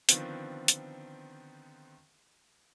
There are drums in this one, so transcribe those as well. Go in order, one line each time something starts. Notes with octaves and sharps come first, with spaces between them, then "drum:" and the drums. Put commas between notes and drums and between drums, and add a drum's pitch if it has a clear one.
D3 D#3 F3 B3 C4, drum: hi-hat
drum: hi-hat